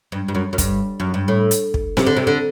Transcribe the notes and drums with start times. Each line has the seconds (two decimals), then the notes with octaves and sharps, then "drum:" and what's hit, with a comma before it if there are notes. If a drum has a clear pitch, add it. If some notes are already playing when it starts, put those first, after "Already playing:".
0.12 G2
0.28 G2
0.35 F#2
0.53 F#2
0.58 G2, drum: kick, hi-hat
1.00 F#2
1.14 G2
1.28 A2
1.51 drum: hi-hat
1.74 drum: kick
1.97 C3, drum: snare C4
2.07 D3
2.16 C3
2.27 D3